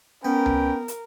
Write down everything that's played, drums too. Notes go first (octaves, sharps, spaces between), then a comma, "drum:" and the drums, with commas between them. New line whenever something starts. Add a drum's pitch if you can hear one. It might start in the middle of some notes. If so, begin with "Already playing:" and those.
B3 C#4 A#4 B4 G5
drum: tom C#2
drum: hi-hat